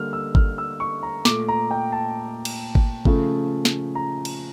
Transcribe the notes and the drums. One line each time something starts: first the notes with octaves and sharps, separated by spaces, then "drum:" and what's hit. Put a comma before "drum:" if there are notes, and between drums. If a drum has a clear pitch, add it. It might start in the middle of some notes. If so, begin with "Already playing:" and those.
Already playing: D3 G3 A#3 F6
E6
F6, drum: kick G#1
E6
C#6
A#5
A#2 A3 D6, drum: snare
A#5
G5
A5
drum: cymbal
drum: kick G#1
C#3 F3 A3, drum: kick G#1
drum: snare
A#5
drum: cymbal